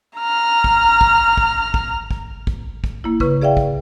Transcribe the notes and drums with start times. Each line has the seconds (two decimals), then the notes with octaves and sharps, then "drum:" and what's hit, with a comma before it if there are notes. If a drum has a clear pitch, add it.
0.18 A#5 F6
0.64 drum: kick
1.01 drum: kick
1.37 drum: kick
1.74 drum: kick
2.11 drum: kick
2.47 drum: kick
2.84 drum: kick
3.04 A#3 E4
3.20 C#3 B4 C#6, drum: kick
3.42 G#4 D5 E5 F5 G5
3.57 drum: kick